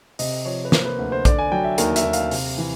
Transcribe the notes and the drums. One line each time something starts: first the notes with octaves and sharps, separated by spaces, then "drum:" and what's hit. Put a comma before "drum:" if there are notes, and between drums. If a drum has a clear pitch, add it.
C3 D#5, drum: open hi-hat
F3 C#5
B4
A#3 C5, drum: snare
B4
D2
C5
D3 D5, drum: kick, hi-hat
G#5
F#3 G5
E5
D#2 A#4, drum: hi-hat
E5, drum: hi-hat
D#2
F5, drum: hi-hat
C3, drum: open hi-hat
E3